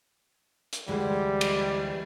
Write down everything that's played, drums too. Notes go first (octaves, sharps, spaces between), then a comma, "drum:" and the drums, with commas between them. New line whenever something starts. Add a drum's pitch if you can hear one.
drum: hi-hat
D2 E3 G3 G#3
drum: cymbal